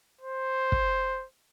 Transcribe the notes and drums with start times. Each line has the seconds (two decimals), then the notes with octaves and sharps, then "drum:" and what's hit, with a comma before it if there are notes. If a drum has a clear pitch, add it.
0.21 C5
0.72 drum: kick